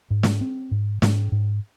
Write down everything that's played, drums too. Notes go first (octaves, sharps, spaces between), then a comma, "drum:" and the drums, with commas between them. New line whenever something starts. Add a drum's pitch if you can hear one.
G#2
drum: snare
C4
G#2
G#2, drum: snare
G#2